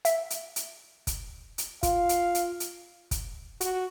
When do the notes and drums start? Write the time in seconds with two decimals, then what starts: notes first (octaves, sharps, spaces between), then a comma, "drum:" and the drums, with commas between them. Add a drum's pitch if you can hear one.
0.05 E5, drum: hi-hat
0.30 drum: hi-hat
0.56 drum: hi-hat
1.07 drum: kick, hi-hat
1.58 drum: hi-hat
1.83 F4 F5, drum: kick, hi-hat
2.09 drum: hi-hat
2.35 drum: hi-hat
2.60 drum: hi-hat
3.11 drum: kick, hi-hat
3.61 F#4, drum: hi-hat